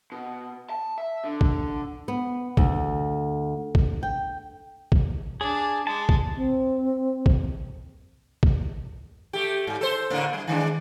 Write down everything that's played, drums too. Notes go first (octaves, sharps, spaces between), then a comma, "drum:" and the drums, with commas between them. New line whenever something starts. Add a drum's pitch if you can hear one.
B2
A5
E5
D3
drum: kick
B3
D2, drum: kick
drum: kick
G5
drum: kick
D4 G#4
G#3 A5
drum: kick
C4
drum: kick
drum: kick
A3 G4
G#2
A4 C5
A2 D3 A#3
G3
D#3 G#3 D4